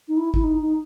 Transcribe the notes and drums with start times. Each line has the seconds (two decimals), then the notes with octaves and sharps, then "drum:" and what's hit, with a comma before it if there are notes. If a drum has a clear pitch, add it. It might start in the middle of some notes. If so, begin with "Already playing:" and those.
0.08 D#4
0.17 E4
0.34 E4, drum: kick
0.43 D#4
0.61 D#4